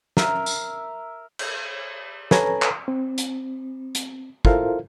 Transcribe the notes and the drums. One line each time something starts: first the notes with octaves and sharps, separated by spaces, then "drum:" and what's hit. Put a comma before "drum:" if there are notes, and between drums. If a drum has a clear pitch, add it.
A#4 E5, drum: snare
drum: tambourine
drum: cymbal
A4 B4 C#5 G#5 A#5, drum: snare
drum: clap
C4
drum: hi-hat
drum: hi-hat
E4 F4 A4 A#4 C5 F5, drum: kick